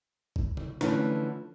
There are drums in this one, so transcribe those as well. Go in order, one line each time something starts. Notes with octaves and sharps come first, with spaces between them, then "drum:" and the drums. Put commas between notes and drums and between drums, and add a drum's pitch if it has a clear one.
drum: kick G1
drum: tom C3
D3 E3 F3 A3 C#4, drum: snare